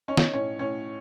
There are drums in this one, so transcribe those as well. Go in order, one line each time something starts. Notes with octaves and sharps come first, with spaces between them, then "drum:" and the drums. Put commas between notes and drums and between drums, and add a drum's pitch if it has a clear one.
C#4 D#4 C#5
drum: snare
A2 C#4 C#5
A2 C#4 C#5